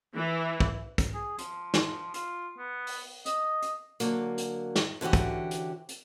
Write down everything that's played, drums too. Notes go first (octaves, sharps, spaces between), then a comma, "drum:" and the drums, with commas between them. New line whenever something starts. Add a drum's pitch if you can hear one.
E3
drum: kick
drum: kick, hi-hat
G#4
F3, drum: hi-hat
drum: snare
F4, drum: hi-hat
B3
drum: open hi-hat
D#5, drum: hi-hat
drum: hi-hat
D3 F#3 A#3, drum: hi-hat
drum: hi-hat
drum: snare
D3 E3 C#4 F#4 G4
drum: kick, hi-hat
drum: hi-hat
drum: hi-hat